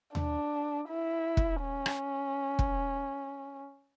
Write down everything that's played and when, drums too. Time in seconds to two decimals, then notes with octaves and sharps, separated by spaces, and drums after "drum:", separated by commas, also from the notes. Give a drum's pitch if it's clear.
0.15 D4, drum: tom D#2
0.89 E4
1.37 drum: kick
1.62 C#4
1.86 drum: rim click
2.59 drum: kick